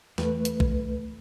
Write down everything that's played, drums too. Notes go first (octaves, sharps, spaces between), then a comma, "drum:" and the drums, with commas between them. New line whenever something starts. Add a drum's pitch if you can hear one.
E2 A3 B4, drum: snare
drum: hi-hat
drum: kick